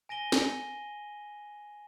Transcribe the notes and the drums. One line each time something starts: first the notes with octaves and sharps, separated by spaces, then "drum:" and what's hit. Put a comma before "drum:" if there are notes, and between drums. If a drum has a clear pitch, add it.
G#5 A#6 D#7 G7
drum: snare